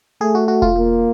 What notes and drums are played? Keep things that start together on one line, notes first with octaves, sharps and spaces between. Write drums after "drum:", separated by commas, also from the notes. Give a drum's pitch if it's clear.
A3 G#4
F#4
F#4
F4, drum: kick E1
A#3